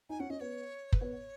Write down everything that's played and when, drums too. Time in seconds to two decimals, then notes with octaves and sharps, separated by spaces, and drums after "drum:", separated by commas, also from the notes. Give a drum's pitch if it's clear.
0.09 D#4 G#5
0.20 C#4 F#5
0.30 C#4 D#5
0.40 B3 C#5
0.93 B4, drum: kick
1.00 B3 C#5